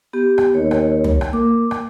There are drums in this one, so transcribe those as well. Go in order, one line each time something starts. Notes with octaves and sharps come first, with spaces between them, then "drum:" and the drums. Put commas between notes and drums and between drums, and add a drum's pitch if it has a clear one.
B3 G4
drum: rim click
D#2 C#5
drum: rim click
drum: tom
drum: rim click
A#3 D6
drum: rim click